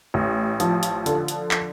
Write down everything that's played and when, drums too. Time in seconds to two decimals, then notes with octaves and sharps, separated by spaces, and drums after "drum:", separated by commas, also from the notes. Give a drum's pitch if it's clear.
0.14 A1
0.60 F3, drum: hi-hat
0.83 drum: hi-hat
1.06 D3, drum: hi-hat
1.28 drum: hi-hat
1.51 drum: clap